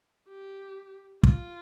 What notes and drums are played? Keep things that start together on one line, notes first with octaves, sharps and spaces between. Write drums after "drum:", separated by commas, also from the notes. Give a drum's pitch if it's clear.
G4
F4, drum: kick